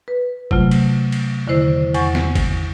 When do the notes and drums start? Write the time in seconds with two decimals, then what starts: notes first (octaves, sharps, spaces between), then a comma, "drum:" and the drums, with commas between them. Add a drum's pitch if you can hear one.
0.08 B4
0.51 C3 F#3 A3 F4, drum: kick
0.71 drum: cymbal
1.12 drum: cymbal
1.47 E2 D3 D#3 E4 C5
1.94 E2 F#5 G#5 C#6 A6, drum: cymbal
2.15 drum: snare
2.35 drum: kick, cymbal